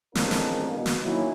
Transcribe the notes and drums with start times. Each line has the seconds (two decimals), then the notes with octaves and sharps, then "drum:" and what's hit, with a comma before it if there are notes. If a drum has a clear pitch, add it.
0.15 A1 G#3 C4 D4 F4 A#4, drum: snare
0.31 drum: snare
0.72 B2
0.86 drum: snare
1.03 D#3 F#3 A#3 C#4 E4